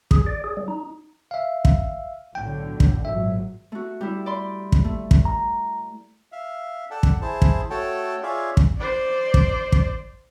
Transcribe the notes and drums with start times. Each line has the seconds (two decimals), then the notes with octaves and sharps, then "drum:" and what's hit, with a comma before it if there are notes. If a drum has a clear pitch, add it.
0.11 G#4, drum: kick
0.27 D5
0.44 G#4
0.57 G3
0.68 D#4
1.31 E5 F5
1.65 drum: kick
2.35 B1 A2 D3 G5
2.80 drum: kick
3.05 G#1 A#2 F#3 E5
3.72 A3 F#4
4.01 G3 E4
4.26 D5 B5 C6
4.72 drum: kick
4.84 A3
5.11 drum: kick
5.25 A#5
6.32 E5 F5
6.91 A4 D5 F#5 G5 A5
7.03 drum: kick
7.22 E4 G#4 C5 A5
7.42 drum: kick
7.70 A3 F#4 A4 C#5 G5 A5
8.23 F4 G#4 C#5 D5 E5 F5
8.57 drum: kick
8.78 C5 D5
9.34 drum: kick
9.72 drum: kick